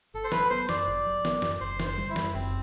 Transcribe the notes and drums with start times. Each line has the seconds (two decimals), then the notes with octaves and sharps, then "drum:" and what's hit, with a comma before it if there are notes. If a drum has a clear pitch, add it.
0.14 G1 A4
0.24 C5
0.32 F#3 B4, drum: snare
0.50 B3 C5
0.69 F#2 D5, drum: snare
0.88 G1
1.06 F#3
1.25 B3, drum: snare
1.42 F#2, drum: snare
1.60 F#1 C5
1.80 D3, drum: snare
1.86 C5
1.98 G3
2.10 E4
2.16 F#2, drum: snare
2.34 F#1 C4